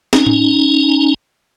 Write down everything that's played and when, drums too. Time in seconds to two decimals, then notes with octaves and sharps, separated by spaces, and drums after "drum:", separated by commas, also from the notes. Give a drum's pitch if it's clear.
0.13 C#4 D#4, drum: snare
0.26 drum: tom A2